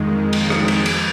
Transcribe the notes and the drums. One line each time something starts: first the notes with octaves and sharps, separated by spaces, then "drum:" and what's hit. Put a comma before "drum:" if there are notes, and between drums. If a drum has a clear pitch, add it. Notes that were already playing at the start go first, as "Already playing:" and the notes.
Already playing: F2 D#3 G#3
drum: cymbal
drum: rim click
drum: cymbal
drum: cymbal